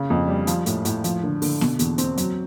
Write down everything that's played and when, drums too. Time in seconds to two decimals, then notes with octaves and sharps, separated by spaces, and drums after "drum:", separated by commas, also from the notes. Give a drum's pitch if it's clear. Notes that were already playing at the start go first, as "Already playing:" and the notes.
Already playing: C#3
0.10 F2
0.28 G3
0.47 F3, drum: hi-hat
0.66 A2, drum: hi-hat
0.85 A2, drum: hi-hat
1.04 F3, drum: hi-hat
1.23 D3
1.42 D3, drum: open hi-hat
1.61 B2, drum: snare B3
1.79 E2, drum: hi-hat
1.98 C4, drum: hi-hat
2.17 F#3, drum: hi-hat